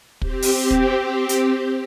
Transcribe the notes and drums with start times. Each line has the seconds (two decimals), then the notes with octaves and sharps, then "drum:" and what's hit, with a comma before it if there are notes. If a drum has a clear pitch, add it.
0.22 C4 G4, drum: kick
0.42 drum: open hi-hat
0.71 drum: kick
1.29 drum: hi-hat